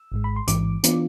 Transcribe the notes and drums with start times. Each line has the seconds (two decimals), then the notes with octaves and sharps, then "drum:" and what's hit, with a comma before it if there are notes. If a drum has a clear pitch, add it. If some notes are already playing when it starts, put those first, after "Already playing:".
Already playing: E6
0.12 G#1 G#2 G#3
0.24 B5
0.36 C6
0.47 A1 G#2 E3 D6, drum: hi-hat
0.83 E3 B3 D4 F4, drum: hi-hat